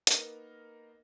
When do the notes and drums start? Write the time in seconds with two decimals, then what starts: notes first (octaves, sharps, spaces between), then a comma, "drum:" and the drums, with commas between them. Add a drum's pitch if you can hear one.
0.07 A#3 B3 D#4 A#4, drum: hi-hat